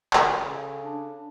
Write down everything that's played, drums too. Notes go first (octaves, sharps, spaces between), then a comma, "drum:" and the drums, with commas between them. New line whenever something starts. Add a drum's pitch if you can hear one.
drum: clap
C#3 A4
D4